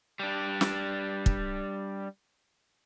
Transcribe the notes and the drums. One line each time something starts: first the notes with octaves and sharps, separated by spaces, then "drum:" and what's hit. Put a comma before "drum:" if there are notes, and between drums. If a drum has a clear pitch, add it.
G3 D4
drum: snare
drum: kick